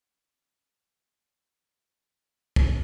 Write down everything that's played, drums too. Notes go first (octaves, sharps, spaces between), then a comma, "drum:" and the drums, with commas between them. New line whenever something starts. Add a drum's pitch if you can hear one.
C#4 C#5
drum: kick